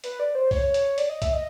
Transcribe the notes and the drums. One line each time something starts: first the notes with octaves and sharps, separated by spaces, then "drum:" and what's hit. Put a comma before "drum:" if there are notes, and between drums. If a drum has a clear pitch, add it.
B4, drum: hi-hat
D5
C5
C#5, drum: kick, open hi-hat
drum: hi-hat
D5, drum: hi-hat
D#5
E5, drum: kick, hi-hat
D#5